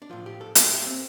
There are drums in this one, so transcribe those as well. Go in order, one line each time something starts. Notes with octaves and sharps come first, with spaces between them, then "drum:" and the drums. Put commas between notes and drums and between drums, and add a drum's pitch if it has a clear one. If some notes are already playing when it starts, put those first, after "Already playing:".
D4
A2 F3 F4
G4
A4
A4, drum: hi-hat
G4
A3
C4